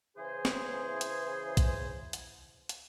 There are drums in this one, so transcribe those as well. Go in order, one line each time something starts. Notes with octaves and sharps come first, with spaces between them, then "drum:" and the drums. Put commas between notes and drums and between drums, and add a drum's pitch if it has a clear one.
C#3 E3 G#4 C5
drum: snare
drum: hi-hat
drum: kick, hi-hat
drum: hi-hat
drum: hi-hat